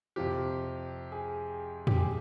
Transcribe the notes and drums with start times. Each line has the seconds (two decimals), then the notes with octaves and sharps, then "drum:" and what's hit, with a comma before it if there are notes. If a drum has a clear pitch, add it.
0.16 F2 C3 F3 G4
1.12 G#4
1.87 G4, drum: tom
1.97 G#4